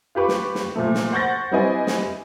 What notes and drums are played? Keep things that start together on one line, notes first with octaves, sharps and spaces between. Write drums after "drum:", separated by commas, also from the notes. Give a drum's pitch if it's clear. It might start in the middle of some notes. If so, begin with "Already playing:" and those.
F4 G4 B4 C#6
drum: snare
drum: snare
A#2 F3 A3
drum: snare
C5 F#5 C#6 G6 A6 A#6
G3 C4 E4 B4 D#5 G#5
drum: snare